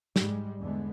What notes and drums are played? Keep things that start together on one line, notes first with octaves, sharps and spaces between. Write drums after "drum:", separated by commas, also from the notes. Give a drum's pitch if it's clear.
G#2 G3 G#3, drum: snare
E2 D3 G#3 B3